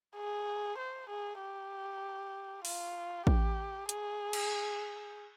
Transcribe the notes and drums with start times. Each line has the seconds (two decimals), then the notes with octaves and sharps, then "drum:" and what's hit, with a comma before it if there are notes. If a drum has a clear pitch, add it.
0.16 G#4
0.78 C5
1.10 G#4
1.41 G4
2.65 F4, drum: open hi-hat
3.27 G4, drum: kick
3.89 G#4, drum: hi-hat
4.33 drum: cymbal